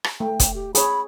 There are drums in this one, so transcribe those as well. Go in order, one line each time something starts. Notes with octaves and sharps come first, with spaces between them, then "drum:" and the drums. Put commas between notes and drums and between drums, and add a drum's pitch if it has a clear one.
drum: rim click
A3 G5
drum: kick, hi-hat
G4
G#4 C#5 B5, drum: hi-hat